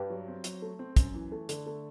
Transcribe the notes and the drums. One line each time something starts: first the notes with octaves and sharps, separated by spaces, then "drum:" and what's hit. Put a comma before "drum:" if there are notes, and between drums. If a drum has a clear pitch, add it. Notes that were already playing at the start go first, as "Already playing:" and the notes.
Already playing: G2 G4 B4
F#3
C4
F#3, drum: hi-hat
A3
C4
F#2, drum: kick, hi-hat
E3
A3
D3, drum: hi-hat
A3